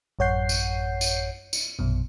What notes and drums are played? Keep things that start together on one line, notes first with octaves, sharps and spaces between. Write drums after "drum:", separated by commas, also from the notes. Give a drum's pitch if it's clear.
A1 F#2 C#5 F#5 G6 C7
drum: tambourine
drum: tambourine
drum: tambourine
A#1 F#2 B2